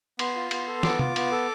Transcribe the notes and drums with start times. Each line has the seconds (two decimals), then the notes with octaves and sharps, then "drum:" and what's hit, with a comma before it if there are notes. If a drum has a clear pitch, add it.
0.19 B3 C6, drum: cymbal
0.35 F4
0.51 B3, drum: cymbal
0.68 A4
0.83 B3 D6, drum: snare
0.99 F4, drum: tom
1.16 B3, drum: cymbal
1.32 A4